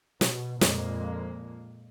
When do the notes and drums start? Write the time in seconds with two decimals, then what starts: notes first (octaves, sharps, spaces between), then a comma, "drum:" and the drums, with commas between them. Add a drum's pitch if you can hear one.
0.21 B2, drum: snare
0.61 F2 A#2 G#3 A#3, drum: snare